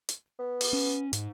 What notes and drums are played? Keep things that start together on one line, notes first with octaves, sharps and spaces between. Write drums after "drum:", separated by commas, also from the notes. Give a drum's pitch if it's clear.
drum: hi-hat
B3
drum: open hi-hat
C#4
G#2, drum: hi-hat